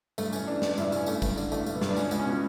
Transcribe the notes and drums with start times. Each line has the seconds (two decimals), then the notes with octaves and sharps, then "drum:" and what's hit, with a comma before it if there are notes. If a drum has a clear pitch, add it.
0.18 G2 A3, drum: tambourine
0.32 G2 C#4, drum: tambourine
0.47 E3 D4
0.62 E3 D4, drum: snare
0.73 D4
0.78 G2 E4, drum: tambourine
0.84 D4
0.92 G2 C#4, drum: tambourine
1.06 G2 A3, drum: tambourine
1.22 G2, drum: kick, tambourine
1.37 D3, drum: tambourine
1.52 D3 A3, drum: tambourine
1.66 G2, drum: tambourine
1.75 B3
1.81 G2, drum: snare
1.90 D4
1.97 C#2 C#4, drum: tambourine
2.11 C#2, drum: tambourine
2.19 C#4
2.26 B2